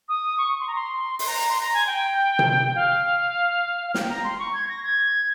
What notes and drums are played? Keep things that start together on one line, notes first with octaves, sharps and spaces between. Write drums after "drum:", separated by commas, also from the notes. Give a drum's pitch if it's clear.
D#6
C#6
C#6
C6
A#5
C6
C6, drum: open hi-hat
A#5
C6
A#5
G#5
G5
drum: tom C3
F5
F5
G5, drum: snare
A#5
C6
C#6
G#6
A#6
G#6